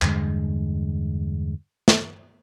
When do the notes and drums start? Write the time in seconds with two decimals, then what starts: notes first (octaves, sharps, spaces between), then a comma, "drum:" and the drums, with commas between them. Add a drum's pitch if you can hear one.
0.02 E2 G2 D3 G#3, drum: clap
1.88 drum: snare